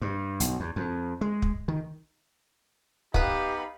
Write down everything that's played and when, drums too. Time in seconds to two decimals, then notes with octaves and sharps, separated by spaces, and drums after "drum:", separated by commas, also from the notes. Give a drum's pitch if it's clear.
0.02 G2
0.40 B1, drum: hi-hat
0.60 E2
0.76 F2
1.21 G#3
1.42 drum: kick
1.68 D#3
3.14 B3 D#4 G4 B4 F5 B5, drum: kick